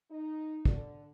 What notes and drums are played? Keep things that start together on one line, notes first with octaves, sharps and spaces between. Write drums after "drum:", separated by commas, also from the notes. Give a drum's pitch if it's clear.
D#4
D3, drum: kick